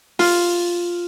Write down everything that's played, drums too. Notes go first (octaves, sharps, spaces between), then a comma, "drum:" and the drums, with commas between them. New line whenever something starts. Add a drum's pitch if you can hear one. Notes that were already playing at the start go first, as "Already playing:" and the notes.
F4, drum: open hi-hat